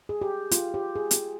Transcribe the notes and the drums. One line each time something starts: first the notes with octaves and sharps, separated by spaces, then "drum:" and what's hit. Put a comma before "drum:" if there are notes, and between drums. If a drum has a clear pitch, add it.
G#4
G4
F4, drum: hi-hat
G4
G#4
drum: hi-hat